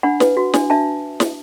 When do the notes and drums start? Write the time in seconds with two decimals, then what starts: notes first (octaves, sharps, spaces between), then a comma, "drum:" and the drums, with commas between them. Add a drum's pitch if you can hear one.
0.03 D4 F#5 B5
0.20 B4, drum: snare
0.37 F#4
0.54 D4, drum: snare
0.70 D4 E5 A5
1.20 drum: snare